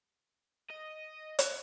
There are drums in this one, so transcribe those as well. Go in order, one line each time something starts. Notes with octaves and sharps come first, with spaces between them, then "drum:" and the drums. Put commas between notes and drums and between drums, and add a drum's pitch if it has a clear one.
D#5
drum: hi-hat